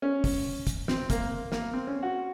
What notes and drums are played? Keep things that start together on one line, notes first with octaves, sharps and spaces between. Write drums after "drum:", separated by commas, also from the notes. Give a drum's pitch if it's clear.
C#4
drum: kick, open hi-hat
drum: kick, hi-hat
C4, drum: snare
A#3, drum: kick, hi-hat
A#3, drum: snare
C4
C#4
F#4